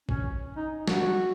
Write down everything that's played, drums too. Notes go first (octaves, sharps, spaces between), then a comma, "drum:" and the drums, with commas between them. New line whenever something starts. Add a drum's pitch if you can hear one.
C#4, drum: kick
D#4
F#4, drum: snare